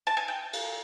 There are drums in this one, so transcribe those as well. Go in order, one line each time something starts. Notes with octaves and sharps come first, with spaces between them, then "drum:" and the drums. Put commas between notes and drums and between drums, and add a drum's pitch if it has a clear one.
A5
G#5
G5
drum: cymbal